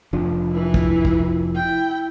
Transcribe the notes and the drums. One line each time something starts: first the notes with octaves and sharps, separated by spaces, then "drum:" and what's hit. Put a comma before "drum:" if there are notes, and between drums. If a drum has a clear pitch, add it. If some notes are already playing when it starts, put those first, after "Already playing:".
F1 F3 D4
E3 E4
drum: kick
drum: kick
E4 G5